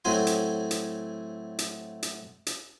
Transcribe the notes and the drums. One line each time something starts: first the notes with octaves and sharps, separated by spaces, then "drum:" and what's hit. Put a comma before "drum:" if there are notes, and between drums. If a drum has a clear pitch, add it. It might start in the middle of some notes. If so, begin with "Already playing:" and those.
A2 F#3 C4 F#4 G#5 C6
drum: hi-hat
drum: hi-hat
drum: hi-hat
drum: hi-hat
drum: hi-hat